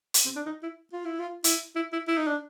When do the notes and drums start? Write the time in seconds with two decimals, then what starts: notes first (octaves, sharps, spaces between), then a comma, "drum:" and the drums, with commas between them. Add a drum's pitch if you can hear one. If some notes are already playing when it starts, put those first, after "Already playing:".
0.14 drum: hi-hat
0.25 C4
0.36 D4
0.46 D#4
0.63 E4
0.93 F4
1.05 E4
1.19 F4
1.44 E4, drum: hi-hat
1.75 E4
1.93 E4
2.08 E4
2.17 D#4
2.27 D4